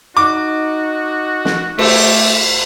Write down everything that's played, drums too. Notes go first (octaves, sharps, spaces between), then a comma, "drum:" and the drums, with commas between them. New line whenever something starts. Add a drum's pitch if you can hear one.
D#4 F#4 D6
drum: snare
A3 G4, drum: cymbal